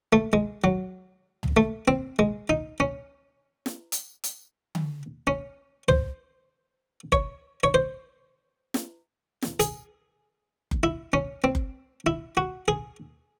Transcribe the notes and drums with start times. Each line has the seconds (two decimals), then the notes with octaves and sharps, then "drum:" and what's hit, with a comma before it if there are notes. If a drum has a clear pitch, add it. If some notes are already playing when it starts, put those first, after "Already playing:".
0.13 A3
0.33 G#3
0.64 F#3
1.43 drum: tom
1.57 A3
1.88 C4
2.19 G#3
2.49 D#4
2.80 C#4
3.66 drum: snare
3.92 drum: hi-hat
4.24 drum: hi-hat
4.75 drum: tom D3
5.27 C#4
5.89 C5, drum: tom
7.12 C#5, drum: kick F#1
7.63 C#5
7.74 C5
8.74 drum: snare
9.42 drum: snare
9.60 G#4, drum: hi-hat
10.71 drum: kick F#1
10.83 E4
11.13 C#4
11.44 C4
11.55 drum: kick F#1
12.06 E4
12.37 F#4
12.68 G#4